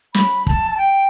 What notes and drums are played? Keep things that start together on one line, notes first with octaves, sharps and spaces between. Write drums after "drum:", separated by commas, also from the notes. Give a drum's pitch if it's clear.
B5, drum: snare
A5, drum: kick
A5
G5